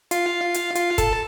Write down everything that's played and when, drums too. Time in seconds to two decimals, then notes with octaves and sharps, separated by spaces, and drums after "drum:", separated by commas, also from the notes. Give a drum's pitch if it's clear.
0.11 F4 F5, drum: hi-hat
0.54 drum: hi-hat
0.75 F4 F5, drum: hi-hat
0.98 A4 A5, drum: kick, hi-hat